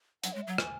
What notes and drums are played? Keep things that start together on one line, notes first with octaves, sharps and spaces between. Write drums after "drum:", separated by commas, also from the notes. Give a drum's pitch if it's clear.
F#3 F#5, drum: hi-hat
G#3 C#5
E5
F#3 F#5
G#5, drum: rim click